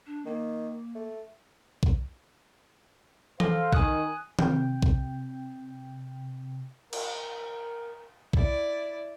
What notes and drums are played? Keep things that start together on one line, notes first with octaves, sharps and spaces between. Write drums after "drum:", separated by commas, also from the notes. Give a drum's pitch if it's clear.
D4
D#3 A#3
A3
drum: kick B1
A4 C5 F5, drum: tom E3
D#3 G#5 D#6 F#6, drum: kick B1
C3 G5, drum: tom D#3
drum: kick B1
A#4, drum: cymbal
E4 D5, drum: kick B1